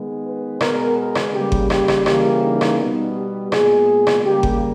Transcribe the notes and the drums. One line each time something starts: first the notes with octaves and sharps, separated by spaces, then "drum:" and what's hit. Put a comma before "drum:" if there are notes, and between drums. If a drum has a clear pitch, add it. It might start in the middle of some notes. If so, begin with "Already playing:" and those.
Already playing: D#3 G#3 B3
B4
B2 G#3 B3 A#4, drum: rim click
A#4
drum: rim click
C#3 G3 A#3 G4
drum: kick G1
G4, drum: rim click
drum: rim click
C#3 E3 G3 A#3 G4, drum: rim click
D#4
drum: rim click
B2 G3 B3
G4
A#2 G#3 B3 G#4, drum: rim click
drum: rim click
C#3 G3 A#3 G4
drum: kick G1